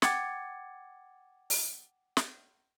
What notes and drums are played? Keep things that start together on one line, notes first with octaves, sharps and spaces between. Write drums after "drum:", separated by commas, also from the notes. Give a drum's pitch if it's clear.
F#5 G5 D6 G#6 A6 C#7, drum: snare
drum: open hi-hat
drum: snare